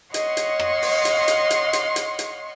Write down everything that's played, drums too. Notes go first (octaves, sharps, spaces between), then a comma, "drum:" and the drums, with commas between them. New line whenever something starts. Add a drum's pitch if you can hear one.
C#5 D#5 F5 F#5 C6 C#6, drum: hi-hat
drum: hi-hat
drum: rim click
drum: open hi-hat
drum: hi-hat
drum: hi-hat
drum: hi-hat
drum: hi-hat
drum: hi-hat
drum: hi-hat